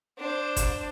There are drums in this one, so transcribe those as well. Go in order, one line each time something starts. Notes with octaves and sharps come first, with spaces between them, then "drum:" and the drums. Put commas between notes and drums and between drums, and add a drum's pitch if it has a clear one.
D4 C5
drum: kick G1, hi-hat